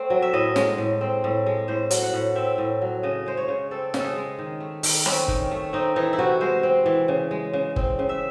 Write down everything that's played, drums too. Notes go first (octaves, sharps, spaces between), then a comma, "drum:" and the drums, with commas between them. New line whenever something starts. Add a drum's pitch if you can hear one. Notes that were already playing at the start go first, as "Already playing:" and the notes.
Already playing: A3 C4
F#3
E5
A2 D#5
G#3, drum: snare
A2
C4
A2
G#3
A2 C5
F#3, drum: hi-hat
F#5
A2
C4 E5
A2
F#3
C#3 D#5
G#3 C5
C#5
C#3
C4 A4
C#3, drum: snare
G#4 A4
G#3
D#3
A3
D#3, drum: open hi-hat
C4 C#4, drum: rim click
D#3, drum: kick G1
A3
C4 D#4
E3 D#4
E4
C3 F#4
G#3 C5
C4
E3
C#3
G#3
C#3
C4, drum: kick G1
C#3
E5